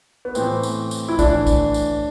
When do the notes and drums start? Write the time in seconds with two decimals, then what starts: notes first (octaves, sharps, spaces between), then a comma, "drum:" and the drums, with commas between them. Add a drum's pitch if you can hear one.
0.25 B3
0.35 A2 E3 C4, drum: tambourine
0.63 drum: tambourine
0.91 drum: tambourine
1.08 E4
1.19 A2 E3 D4, drum: kick B1, tambourine
1.47 drum: kick B1, tambourine
1.74 drum: tambourine